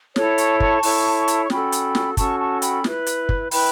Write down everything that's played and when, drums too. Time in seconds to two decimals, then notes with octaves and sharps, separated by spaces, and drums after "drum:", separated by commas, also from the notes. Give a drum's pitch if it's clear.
0.16 E4 A4 C#5, drum: snare
0.38 A5 C#6, drum: hi-hat
0.60 A5 C#6, drum: kick
0.83 E4 A4 C#5, drum: open hi-hat
1.28 drum: hi-hat
1.45 C#6
1.50 C#4 F#4 A4 G5 B5, drum: snare
1.72 drum: hi-hat
1.95 drum: snare
2.17 C#4 F#4 A4 A5 C#6, drum: kick, hi-hat
2.39 A5 C#6
2.62 G5 B5, drum: hi-hat
2.84 E4 B4, drum: snare
3.06 drum: hi-hat
3.29 drum: kick
3.51 E4 B4 G5 B5, drum: open hi-hat